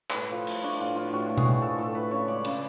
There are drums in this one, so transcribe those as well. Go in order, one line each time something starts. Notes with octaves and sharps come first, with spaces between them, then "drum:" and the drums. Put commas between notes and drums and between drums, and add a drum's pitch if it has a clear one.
A2 A4 B4, drum: clap
F3
A2, drum: cymbal
A3 D4
A2 F4
F3 F4
A2 F#4
A3
G#4, drum: tom B2
A2
F3 A4
A2 A4
A3 B4
C#3 C#5
G#3 D5
C#3, drum: cymbal